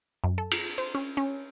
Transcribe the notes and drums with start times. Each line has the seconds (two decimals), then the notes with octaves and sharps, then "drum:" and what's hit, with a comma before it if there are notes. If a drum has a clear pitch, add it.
0.24 F#2
0.38 A4
0.51 drum: cymbal
0.78 C5
0.95 C#4
1.17 C#4